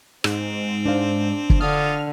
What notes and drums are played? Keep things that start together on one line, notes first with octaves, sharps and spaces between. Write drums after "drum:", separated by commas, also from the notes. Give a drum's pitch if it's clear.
G#2 C4, drum: rim click
D4 C5 F5
drum: kick
D3 F4 D#6 F6